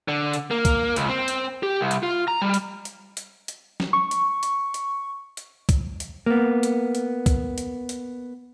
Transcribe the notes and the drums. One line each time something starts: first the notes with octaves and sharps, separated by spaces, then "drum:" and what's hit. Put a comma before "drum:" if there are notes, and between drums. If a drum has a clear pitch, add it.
D3
drum: hi-hat
A#3
drum: kick, hi-hat
C#2, drum: hi-hat
C4
drum: hi-hat
G4
C2
drum: hi-hat
F4
A#5
G3
drum: hi-hat
drum: hi-hat
drum: hi-hat
drum: hi-hat
drum: snare
C#6
drum: hi-hat
drum: hi-hat
drum: hi-hat
drum: hi-hat
drum: kick, hi-hat
drum: hi-hat
A#3 B3
drum: hi-hat
drum: hi-hat
drum: kick, hi-hat
drum: hi-hat
drum: hi-hat